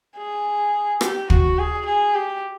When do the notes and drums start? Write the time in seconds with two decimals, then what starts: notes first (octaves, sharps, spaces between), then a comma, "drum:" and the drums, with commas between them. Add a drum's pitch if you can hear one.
0.17 G#4
1.01 G4, drum: rim click
1.30 F#4, drum: kick
1.58 G#4
1.85 G#4
2.14 G4